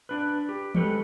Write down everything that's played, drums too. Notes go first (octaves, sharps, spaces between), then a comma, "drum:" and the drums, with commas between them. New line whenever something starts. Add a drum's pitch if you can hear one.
D4 B4
G4
G#3 F#4 G4 A4 B4, drum: tom E3